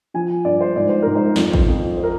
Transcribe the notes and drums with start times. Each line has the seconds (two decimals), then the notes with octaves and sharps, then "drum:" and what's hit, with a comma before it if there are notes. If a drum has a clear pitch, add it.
0.14 F3 G#5
0.45 G2 D5
0.61 C5
0.76 G#2 D5
0.89 C5
1.02 G#2 A#4
1.15 C5
1.36 F2, drum: snare
1.54 drum: kick
1.67 F2
1.97 C5
2.03 A#4